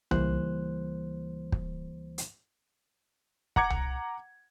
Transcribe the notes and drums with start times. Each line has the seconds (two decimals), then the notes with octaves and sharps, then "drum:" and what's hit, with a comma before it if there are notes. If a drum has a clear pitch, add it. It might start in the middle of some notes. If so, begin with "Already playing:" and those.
0.11 C#2 E3 G3 A#3 C5 F#6, drum: tom C2
1.52 drum: kick
2.18 drum: hi-hat
3.56 F#5 A#5 D6 G#6 C#7, drum: kick
3.70 drum: tom C2